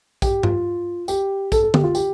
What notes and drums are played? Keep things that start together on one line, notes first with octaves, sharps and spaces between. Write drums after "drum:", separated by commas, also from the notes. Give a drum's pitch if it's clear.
G4, drum: kick A#1, tambourine
F4, drum: tom G2
G4, drum: tambourine
A4, drum: kick A#1, tambourine
A4
G4, drum: tom D3
F4
G4, drum: tambourine